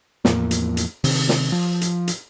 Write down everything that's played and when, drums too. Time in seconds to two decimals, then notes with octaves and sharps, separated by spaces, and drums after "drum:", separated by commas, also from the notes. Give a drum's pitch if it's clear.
0.25 E2 A2 F3 A#3, drum: snare
0.51 drum: hi-hat
0.77 drum: hi-hat
1.04 C3 D#3, drum: open hi-hat
1.29 drum: snare
1.52 F3
1.81 drum: hi-hat
2.08 drum: hi-hat